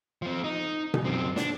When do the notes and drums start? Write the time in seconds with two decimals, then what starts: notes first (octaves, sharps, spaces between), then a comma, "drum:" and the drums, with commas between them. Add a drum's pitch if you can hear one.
0.22 F3 C4
0.44 D#4
0.94 drum: tom B2
1.05 F#2 C4
1.36 D4, drum: snare